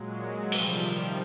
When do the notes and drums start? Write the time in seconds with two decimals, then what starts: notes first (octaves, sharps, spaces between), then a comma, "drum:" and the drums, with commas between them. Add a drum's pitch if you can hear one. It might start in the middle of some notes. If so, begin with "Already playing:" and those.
Already playing: A#2 F#3 G#3
0.22 F#3 G#3
0.52 C3 D#3 F3 G3, drum: cymbal
0.82 F3